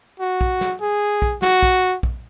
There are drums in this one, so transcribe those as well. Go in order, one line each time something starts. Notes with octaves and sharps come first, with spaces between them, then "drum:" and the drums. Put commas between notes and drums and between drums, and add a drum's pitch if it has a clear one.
F#4
drum: kick
drum: snare
G#4
drum: kick
F#4, drum: snare
drum: kick
drum: kick